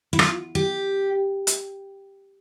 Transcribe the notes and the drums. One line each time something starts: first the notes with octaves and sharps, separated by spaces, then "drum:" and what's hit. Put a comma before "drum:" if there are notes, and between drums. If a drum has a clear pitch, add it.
E4
F4, drum: rim click
G4
drum: hi-hat